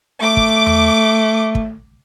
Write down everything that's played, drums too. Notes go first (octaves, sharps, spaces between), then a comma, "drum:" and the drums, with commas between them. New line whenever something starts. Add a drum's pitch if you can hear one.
A3 D6
drum: kick
drum: tom E2
drum: kick